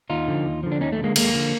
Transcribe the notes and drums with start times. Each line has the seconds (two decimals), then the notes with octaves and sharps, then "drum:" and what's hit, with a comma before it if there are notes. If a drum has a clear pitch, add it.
0.10 D#2 D#4 F4
0.28 D3 F3
0.45 D#2
0.63 D3 F3
0.72 D4
0.81 D#2 C#4 D#4
0.92 A3
0.98 F3
1.01 D3 G#3 A#3
1.16 D#2 G#3 A#3, drum: cymbal
1.34 D3 F3